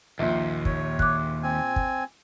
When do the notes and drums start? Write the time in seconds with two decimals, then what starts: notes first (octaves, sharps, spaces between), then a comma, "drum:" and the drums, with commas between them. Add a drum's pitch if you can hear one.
0.19 A#1 D#2 A#2
0.65 C#5, drum: kick
0.99 D6 F#6, drum: kick
1.43 C4 G#5
1.76 drum: kick